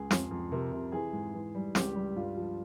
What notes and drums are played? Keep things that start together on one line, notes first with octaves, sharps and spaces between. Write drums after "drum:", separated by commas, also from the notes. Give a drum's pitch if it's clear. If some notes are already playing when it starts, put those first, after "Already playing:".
Already playing: C#2 G#4
F2, drum: snare
F2
C3 A#4
C3
E3 G#4
G#2
E3
G3
C#2 G4, drum: snare
G3
G2 F4
F3